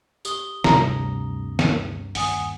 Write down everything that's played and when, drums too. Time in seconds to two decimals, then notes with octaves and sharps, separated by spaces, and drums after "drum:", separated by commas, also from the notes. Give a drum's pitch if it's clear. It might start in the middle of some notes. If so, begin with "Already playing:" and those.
0.25 G4 D#6 G7, drum: tambourine
0.64 D2 G2 C3 A#5, drum: snare
1.59 drum: snare
2.15 D#2 F#5 G#5 D#6, drum: open hi-hat